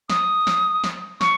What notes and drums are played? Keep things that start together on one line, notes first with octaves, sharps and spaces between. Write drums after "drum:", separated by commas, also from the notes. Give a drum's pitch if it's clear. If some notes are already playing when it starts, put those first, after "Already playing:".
D#6, drum: snare
drum: snare
drum: snare
C#6, drum: snare